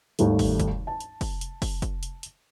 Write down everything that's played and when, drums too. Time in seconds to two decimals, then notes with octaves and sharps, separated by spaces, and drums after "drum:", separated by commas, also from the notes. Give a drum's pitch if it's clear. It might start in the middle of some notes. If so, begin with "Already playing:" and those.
0.19 G#1 D#2 D#3 G3 A3, drum: hi-hat
0.39 drum: kick, open hi-hat
0.60 drum: kick, hi-hat
0.87 A5
1.00 drum: hi-hat
1.21 drum: kick, open hi-hat
1.41 drum: hi-hat
1.62 drum: kick, open hi-hat
1.82 drum: kick, hi-hat
2.03 drum: hi-hat
2.23 drum: hi-hat